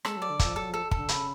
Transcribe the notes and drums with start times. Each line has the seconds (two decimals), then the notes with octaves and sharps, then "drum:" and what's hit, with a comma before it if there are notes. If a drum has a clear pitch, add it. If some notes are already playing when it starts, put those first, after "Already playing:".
0.05 G#3 A4, drum: rim click
0.17 F#3 D5
0.30 D3
0.39 F3 A4, drum: kick, hi-hat
0.56 F#3 A4
0.69 F3 A4
0.91 D3 A4, drum: kick
1.08 C#3 B5, drum: hi-hat